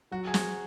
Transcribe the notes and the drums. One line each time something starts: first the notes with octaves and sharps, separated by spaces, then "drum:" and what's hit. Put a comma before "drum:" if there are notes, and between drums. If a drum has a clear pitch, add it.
F#3 F#4
G#4
F#4, drum: snare